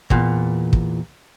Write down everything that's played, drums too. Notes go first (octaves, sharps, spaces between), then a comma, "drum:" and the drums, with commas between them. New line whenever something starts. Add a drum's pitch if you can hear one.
E2 A#2, drum: kick
drum: kick